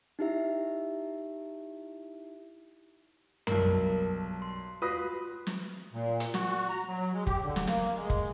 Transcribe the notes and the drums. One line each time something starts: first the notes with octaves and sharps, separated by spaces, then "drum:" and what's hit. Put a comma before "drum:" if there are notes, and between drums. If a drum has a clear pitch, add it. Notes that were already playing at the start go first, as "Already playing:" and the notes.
D#4 E4 G4 E5
B1 G2 A#4, drum: tom F#2
C6
F4 F#4 B4 D#6 A#6
drum: snare
A#2
drum: hi-hat
F#4, drum: snare
A#5
F#3
G#3
G4, drum: kick
D3
drum: snare
A#3, drum: snare
G#3
drum: kick